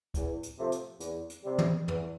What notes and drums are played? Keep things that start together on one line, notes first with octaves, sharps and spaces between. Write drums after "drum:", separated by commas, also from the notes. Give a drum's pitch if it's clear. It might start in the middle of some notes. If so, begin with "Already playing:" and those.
E2, drum: kick, hi-hat
drum: hi-hat
C3 F3 A3
drum: hi-hat
E2, drum: hi-hat
drum: hi-hat
C3 G3
drum: tom
E2, drum: tom